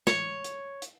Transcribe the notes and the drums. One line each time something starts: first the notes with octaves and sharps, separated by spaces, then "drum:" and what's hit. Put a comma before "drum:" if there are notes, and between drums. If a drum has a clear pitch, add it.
C#5, drum: snare
drum: hi-hat
drum: hi-hat